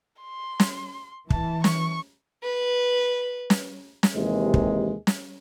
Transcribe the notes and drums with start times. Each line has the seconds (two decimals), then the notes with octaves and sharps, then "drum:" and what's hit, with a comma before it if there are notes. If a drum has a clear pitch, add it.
0.21 C6
0.60 drum: snare
1.30 E3 A5, drum: kick
1.64 C#6, drum: snare
2.43 B4
3.50 drum: snare
4.03 drum: snare
4.15 D#2 C3 E3 G#3
4.54 drum: kick
5.07 drum: snare